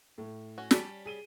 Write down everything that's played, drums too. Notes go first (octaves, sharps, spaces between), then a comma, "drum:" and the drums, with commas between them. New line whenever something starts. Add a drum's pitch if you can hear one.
A2
C#4 F#4
G3 C#4 A5 B6 D7, drum: snare
G#4 D#7 G7